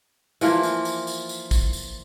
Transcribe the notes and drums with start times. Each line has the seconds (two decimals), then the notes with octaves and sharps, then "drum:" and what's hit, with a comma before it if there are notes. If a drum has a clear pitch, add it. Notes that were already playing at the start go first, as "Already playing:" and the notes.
0.41 E3 F3 A#3, drum: tambourine
0.63 drum: tambourine
0.85 drum: tambourine
1.07 drum: tambourine
1.29 drum: tambourine
1.51 drum: kick, tambourine
1.73 drum: tambourine